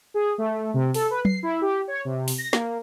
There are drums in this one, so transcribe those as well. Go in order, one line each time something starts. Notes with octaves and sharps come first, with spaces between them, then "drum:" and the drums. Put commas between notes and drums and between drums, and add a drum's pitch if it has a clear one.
G#4
A3
C3
A4, drum: open hi-hat
B4
C7, drum: tom F#3
E4
G4
C#5
C3
drum: open hi-hat
A#6
A#3, drum: snare